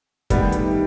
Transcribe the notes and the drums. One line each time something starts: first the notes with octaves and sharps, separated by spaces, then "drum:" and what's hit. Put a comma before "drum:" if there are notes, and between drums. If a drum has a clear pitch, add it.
D#3 G3 A3 B3 D#4 G4, drum: kick, hi-hat
drum: hi-hat